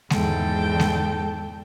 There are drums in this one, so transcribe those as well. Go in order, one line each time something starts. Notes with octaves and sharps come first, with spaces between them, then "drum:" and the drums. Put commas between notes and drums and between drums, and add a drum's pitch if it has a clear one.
E2 G#2 A4 G5 A5, drum: snare G#3
drum: snare G#3